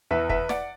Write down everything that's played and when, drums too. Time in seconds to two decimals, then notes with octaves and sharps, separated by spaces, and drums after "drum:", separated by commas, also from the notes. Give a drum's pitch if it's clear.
0.11 E2 E3 B4 E5
0.29 B4 E5, drum: kick
0.49 D5 F#5, drum: snare